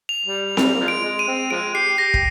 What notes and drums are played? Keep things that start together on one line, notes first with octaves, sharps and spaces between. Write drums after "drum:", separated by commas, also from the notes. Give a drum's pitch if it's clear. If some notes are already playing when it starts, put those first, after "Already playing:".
F7
G3
C3 G3, drum: snare C4
A#3
F3 G#3
D7
G#3
D#7
C4
F3 G#3 D7
G4 C7
G4 A#6
drum: kick